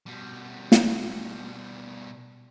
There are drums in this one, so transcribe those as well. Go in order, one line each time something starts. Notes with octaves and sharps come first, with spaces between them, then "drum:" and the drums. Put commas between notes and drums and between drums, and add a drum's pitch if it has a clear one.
B2 G3
drum: snare